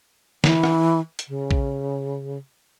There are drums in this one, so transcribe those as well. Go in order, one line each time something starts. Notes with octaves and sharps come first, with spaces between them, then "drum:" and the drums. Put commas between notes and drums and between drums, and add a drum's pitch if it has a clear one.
E3, drum: snare
drum: rim click
drum: hi-hat
C#3
drum: kick